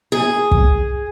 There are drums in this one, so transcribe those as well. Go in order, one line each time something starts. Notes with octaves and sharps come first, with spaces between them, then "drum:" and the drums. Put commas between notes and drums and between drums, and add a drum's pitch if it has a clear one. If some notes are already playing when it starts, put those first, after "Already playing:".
G#4
drum: kick